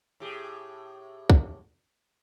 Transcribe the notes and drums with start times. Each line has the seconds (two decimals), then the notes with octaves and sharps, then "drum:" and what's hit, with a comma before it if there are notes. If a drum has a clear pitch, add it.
0.20 A2 G4 G#4
1.30 drum: kick